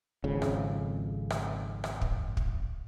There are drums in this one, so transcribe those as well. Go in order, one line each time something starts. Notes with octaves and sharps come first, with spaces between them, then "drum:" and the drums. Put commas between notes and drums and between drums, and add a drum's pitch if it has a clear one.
G#1 F2 C#3
drum: rim click
drum: rim click
drum: rim click
drum: kick
drum: kick